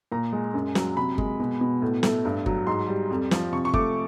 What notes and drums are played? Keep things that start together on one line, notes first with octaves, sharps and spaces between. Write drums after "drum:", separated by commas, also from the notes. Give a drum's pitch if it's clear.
A#2 A#5
G#3
F#2
F#3, drum: snare
C3 B5
G#3, drum: kick G1
B2
B2
A2
A3, drum: snare
G2
F#3, drum: kick G1
G#2 C6
G3
F2
F3, drum: snare
C3 C#6
C#6
A3 D6, drum: kick G1